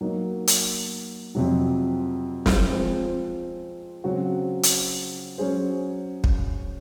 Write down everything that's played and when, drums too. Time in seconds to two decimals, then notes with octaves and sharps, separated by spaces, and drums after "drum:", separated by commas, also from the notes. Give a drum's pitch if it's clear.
0.01 F#3 A#3 D#4
0.47 drum: hi-hat
1.35 F2 C3 F#3
2.46 drum: snare
2.70 F3 G#3 C4
4.04 C#3 F#3 C4 F#4
4.63 drum: hi-hat
5.38 F#3 C#4 G#4 C5
6.24 drum: kick